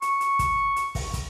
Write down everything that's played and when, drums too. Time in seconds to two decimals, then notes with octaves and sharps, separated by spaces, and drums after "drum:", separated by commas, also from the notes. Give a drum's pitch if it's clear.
0.02 C#6, drum: hi-hat
0.21 drum: hi-hat
0.39 drum: kick, hi-hat
0.76 drum: hi-hat
0.95 drum: kick, open hi-hat
1.14 drum: kick, hi-hat